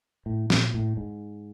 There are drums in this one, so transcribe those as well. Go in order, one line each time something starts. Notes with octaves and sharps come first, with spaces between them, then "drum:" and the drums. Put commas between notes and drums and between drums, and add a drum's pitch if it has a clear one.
A2
A#2, drum: snare
A2
G#2